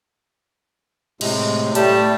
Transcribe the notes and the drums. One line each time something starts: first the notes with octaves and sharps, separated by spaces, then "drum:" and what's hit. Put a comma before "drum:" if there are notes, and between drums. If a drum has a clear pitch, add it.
A2 C3 G#3, drum: cymbal
A2 G3 A3 A5, drum: hi-hat